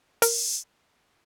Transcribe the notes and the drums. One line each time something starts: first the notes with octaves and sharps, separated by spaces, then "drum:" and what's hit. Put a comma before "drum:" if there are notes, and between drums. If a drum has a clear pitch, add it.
A#4, drum: open hi-hat